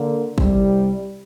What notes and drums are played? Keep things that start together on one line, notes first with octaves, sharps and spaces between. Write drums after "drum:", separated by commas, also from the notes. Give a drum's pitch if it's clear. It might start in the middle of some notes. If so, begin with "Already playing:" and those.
Already playing: D3 A#3
C2 C3 G3, drum: kick G#1